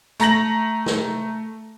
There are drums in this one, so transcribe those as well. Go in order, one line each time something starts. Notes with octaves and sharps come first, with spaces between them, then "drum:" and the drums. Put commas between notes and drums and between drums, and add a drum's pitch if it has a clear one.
A3 A#5 A#6 F#7, drum: hi-hat
drum: snare